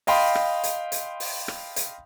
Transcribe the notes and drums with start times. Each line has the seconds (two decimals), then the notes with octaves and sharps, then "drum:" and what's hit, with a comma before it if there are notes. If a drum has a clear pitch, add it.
0.07 D#5 F5 G5 B5 C6 D#6, drum: open hi-hat
0.35 drum: rim click
0.64 drum: hi-hat
0.92 drum: hi-hat
1.20 drum: open hi-hat
1.48 drum: rim click
1.76 drum: hi-hat